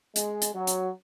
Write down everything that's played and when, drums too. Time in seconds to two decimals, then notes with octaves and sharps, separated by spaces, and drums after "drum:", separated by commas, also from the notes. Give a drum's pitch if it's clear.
0.16 G#3, drum: hi-hat
0.42 drum: hi-hat
0.55 F#3
0.67 drum: hi-hat